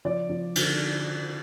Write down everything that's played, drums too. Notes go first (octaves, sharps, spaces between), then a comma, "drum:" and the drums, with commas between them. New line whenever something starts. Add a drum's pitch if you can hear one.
F3 D5
F3
D3, drum: cymbal